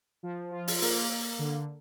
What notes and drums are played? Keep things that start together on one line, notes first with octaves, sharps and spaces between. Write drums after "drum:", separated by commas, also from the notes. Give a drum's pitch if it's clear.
F3
F4
drum: open hi-hat
A#3, drum: open hi-hat
A#3
D3